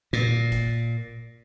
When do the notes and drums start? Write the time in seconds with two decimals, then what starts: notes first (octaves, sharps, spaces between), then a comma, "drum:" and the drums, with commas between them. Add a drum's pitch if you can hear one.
0.13 A#2, drum: snare
0.52 drum: kick, hi-hat